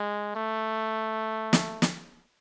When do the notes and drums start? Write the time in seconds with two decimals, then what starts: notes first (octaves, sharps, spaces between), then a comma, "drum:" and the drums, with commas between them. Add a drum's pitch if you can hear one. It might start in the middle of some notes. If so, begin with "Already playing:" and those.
Already playing: G#3
0.36 A3
1.53 drum: snare
1.82 drum: snare